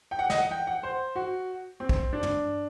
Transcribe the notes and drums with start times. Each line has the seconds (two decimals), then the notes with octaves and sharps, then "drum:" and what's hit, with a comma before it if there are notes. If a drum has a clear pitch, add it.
0.11 G5
0.19 F#5
0.30 D#5, drum: snare
0.34 F#5
0.51 G5
0.67 F#5
0.83 C5
1.16 F#4
1.80 C4
1.89 drum: kick
2.13 D4
2.23 drum: tom